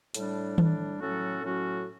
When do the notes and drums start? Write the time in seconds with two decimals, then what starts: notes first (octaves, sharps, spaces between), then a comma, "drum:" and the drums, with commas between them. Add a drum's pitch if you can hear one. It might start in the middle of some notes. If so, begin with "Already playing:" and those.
0.14 A2 G3 D4, drum: hi-hat
0.58 A2 G3 D4, drum: tom D#3
1.00 A2 F#3 C#4 F#4 A4
1.42 A2 F#3 C#4 F#4 A4